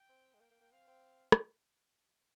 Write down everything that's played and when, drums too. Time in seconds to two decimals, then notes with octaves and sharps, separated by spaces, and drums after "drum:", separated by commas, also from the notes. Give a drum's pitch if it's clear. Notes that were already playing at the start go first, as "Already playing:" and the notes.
Already playing: G5
0.09 C4
0.34 G#3
0.40 A#3 G5
0.51 A#3
0.61 A#3
0.72 C4 F5
0.87 C4
1.32 drum: rim click